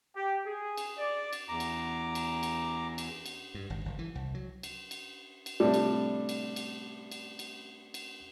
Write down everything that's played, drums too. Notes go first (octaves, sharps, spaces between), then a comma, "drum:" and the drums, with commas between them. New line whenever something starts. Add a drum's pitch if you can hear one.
G4
G#4
drum: cymbal
D5
drum: cymbal
E2 A#5 D6
drum: cymbal
drum: cymbal
drum: cymbal
drum: cymbal
drum: cymbal
G2
G#1
F#1
E3
C2
F#3
drum: cymbal
drum: cymbal
drum: cymbal
A2 C3 G3 D4
drum: cymbal
drum: cymbal
drum: cymbal
drum: cymbal
drum: cymbal
drum: cymbal